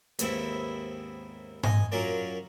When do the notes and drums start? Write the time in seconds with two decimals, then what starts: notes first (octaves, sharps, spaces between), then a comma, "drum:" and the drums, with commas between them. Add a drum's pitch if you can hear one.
0.19 D#2 G#2 B3 C4 E4, drum: hi-hat
1.63 D#5 G#5, drum: tom G#2
1.92 F#2 F#3 C#4 F4 A#4 D5